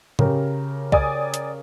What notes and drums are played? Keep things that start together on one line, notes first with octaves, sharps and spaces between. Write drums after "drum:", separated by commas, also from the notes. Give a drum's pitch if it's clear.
C#3 G4 A#4, drum: tom A2
D5 G#5 D#6, drum: kick C2
drum: hi-hat